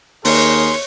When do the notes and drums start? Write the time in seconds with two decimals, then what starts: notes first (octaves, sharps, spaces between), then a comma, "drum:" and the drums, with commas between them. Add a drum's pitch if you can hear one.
0.25 D#2 G#4 A#4 C#5 C6, drum: open hi-hat